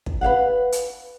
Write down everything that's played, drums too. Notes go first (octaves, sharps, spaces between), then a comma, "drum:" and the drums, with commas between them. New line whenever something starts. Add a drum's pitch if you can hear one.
drum: kick
B4 C#5 F5 F#5
drum: hi-hat